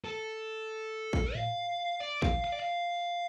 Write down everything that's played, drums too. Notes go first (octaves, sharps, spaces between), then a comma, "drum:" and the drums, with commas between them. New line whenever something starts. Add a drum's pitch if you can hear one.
A4
drum: kick
F5, drum: tom A2
D5
F5, drum: kick
F5
D5
F5